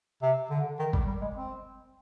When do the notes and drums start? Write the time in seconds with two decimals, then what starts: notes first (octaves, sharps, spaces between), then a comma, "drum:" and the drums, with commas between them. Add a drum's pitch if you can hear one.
0.22 C3
0.51 D3
0.79 D#3
0.93 G3, drum: kick
1.07 G3
1.21 G#3
1.36 C4